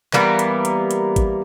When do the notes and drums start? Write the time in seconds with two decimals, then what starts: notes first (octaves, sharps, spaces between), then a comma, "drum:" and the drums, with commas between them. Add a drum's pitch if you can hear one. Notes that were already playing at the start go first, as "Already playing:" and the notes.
0.13 E3 G3 A#3 B3, drum: clap
0.39 drum: hi-hat
0.65 drum: hi-hat
0.91 drum: hi-hat
1.16 drum: kick, hi-hat